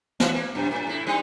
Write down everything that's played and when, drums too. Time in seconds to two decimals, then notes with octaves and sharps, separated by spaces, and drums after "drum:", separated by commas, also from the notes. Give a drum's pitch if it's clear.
0.20 E3 F#4, drum: snare
0.34 A#3
0.55 F#2 C3
0.71 A2
0.87 A2 E4
1.06 G3 C4 D#4